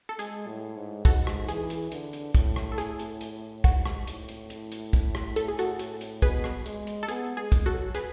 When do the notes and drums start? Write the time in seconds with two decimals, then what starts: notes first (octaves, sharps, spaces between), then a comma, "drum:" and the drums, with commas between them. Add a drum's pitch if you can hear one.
0.09 A4
0.19 G#3 G#4, drum: hi-hat
0.48 A2
0.77 G#2
1.05 G#2 F#4 A4, drum: kick, hi-hat
1.27 drum: rim click
1.49 E3 G#4, drum: hi-hat
1.70 drum: hi-hat
1.92 D3, drum: hi-hat
2.13 drum: hi-hat
2.35 A2, drum: kick, hi-hat
2.56 drum: rim click
2.72 A4
2.78 G#4, drum: hi-hat
2.99 drum: hi-hat
3.21 drum: hi-hat
3.64 G#2 F#4, drum: kick, hi-hat
3.86 drum: rim click
4.07 A2, drum: hi-hat
4.29 drum: hi-hat
4.50 drum: hi-hat
4.72 drum: hi-hat
4.93 drum: kick, hi-hat
5.15 drum: rim click
5.36 A4, drum: hi-hat
5.48 G#4
5.59 F#4 A4, drum: hi-hat
5.79 drum: hi-hat
6.01 drum: hi-hat
6.22 B2 G#4 B4, drum: kick, hi-hat
6.44 drum: rim click
6.66 G#3, drum: hi-hat
6.87 drum: hi-hat
7.03 A4
7.08 B3 G#4, drum: hi-hat
7.37 G#3 G#4
7.52 drum: kick, hi-hat
7.66 F#3 F#4 A4
7.95 G#4 B4, drum: hi-hat